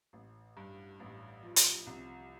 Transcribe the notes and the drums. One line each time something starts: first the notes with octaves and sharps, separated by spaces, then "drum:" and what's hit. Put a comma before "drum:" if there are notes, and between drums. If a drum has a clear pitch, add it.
A1
G2
A1
F3
drum: hi-hat
C2